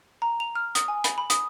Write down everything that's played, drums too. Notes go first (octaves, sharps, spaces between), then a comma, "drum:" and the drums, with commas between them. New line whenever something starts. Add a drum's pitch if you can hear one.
A#5
F7
F6
D#6, drum: hi-hat
G#5
B5, drum: hi-hat
B5
D#6, drum: hi-hat